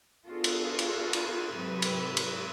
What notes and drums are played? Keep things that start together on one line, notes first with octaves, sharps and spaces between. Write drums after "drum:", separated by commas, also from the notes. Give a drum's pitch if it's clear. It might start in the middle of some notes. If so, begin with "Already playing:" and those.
B3 D4 F4 F#4 G#4 A4
drum: cymbal
drum: cymbal
drum: cymbal
G#2 C3 F#3 G4 A4 B4
drum: cymbal
drum: cymbal